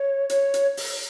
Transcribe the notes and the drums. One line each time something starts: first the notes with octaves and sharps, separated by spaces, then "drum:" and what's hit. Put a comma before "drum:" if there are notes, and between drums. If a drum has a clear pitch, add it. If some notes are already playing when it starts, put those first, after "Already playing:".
Already playing: C#5
C#5, drum: hi-hat
drum: hi-hat
drum: open hi-hat